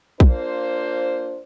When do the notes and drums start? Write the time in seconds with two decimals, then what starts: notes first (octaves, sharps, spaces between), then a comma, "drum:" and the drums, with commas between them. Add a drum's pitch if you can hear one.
0.20 A#3 D4 F4 C5, drum: kick A#1